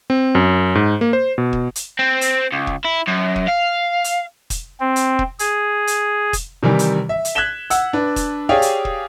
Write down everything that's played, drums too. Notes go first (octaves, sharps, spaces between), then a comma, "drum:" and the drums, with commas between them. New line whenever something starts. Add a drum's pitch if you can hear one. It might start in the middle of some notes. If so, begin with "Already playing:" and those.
C4
F#2
G#2
A#3
C5
B2
drum: kick
drum: hi-hat
C4
drum: hi-hat
C#2
drum: kick
E4
F#2
drum: kick
F5
drum: hi-hat
drum: kick, hi-hat
C4
drum: hi-hat
drum: kick
G#4, drum: hi-hat
drum: hi-hat
drum: kick, hi-hat
C3 D#3 E3 G3
drum: hi-hat
E5
drum: hi-hat
F#6 G#6 B6 E7 G7
F#5 E6, drum: hi-hat
D4 B4
drum: kick, hi-hat
G4 G#4 C#5 D5 F5
drum: hi-hat
drum: kick